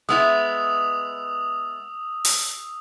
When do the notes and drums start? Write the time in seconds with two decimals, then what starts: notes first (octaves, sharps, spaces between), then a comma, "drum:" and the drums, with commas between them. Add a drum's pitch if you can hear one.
0.09 G#3 B3 E4 D#6 E6 F7
2.25 drum: open hi-hat